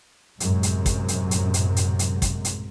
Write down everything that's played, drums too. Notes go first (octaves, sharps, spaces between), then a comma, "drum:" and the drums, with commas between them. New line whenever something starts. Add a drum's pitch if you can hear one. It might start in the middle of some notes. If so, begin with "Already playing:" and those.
A#1 F#2 A2 C3 G#3, drum: hi-hat
drum: hi-hat
drum: kick, hi-hat
drum: hi-hat
drum: hi-hat
drum: hi-hat
drum: hi-hat
drum: hi-hat
drum: kick, hi-hat
drum: hi-hat